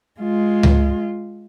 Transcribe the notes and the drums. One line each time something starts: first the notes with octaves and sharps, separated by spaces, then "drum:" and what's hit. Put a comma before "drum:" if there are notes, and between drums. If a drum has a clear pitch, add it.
G#3 F4
drum: tom C#2